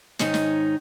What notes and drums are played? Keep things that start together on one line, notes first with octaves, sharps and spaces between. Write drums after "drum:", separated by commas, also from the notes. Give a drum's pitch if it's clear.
G#2 D#3 C#4 D#4, drum: snare
drum: snare